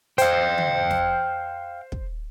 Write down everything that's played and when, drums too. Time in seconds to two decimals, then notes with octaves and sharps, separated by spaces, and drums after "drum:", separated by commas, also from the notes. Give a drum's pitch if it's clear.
0.18 C5 F5 G5, drum: hi-hat
0.58 drum: tom D3
0.90 drum: snare
1.92 drum: kick